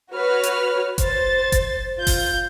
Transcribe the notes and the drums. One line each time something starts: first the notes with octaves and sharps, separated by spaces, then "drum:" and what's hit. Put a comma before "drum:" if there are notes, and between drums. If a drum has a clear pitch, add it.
F#4 B4 C#5 F6
drum: hi-hat
C5 A6, drum: kick F#1, hi-hat
drum: kick F#1, hi-hat
F4 G6
drum: kick F#1, open hi-hat